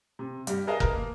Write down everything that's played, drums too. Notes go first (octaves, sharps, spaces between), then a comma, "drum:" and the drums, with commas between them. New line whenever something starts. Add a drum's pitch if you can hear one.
C3
G2 G3, drum: hi-hat
G#4 A#4 B4 D#5 F5 A5
A#4, drum: kick F#1
A#3